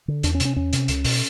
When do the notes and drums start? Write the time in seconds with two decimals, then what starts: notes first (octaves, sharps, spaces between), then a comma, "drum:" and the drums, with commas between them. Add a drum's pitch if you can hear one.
0.08 D3
0.23 E2 D4, drum: hi-hat
0.35 C#4
0.40 C3, drum: hi-hat
0.45 C#4
0.56 E2 C#4
0.73 C3, drum: hi-hat
0.88 C#2, drum: hi-hat
1.04 B2, drum: open hi-hat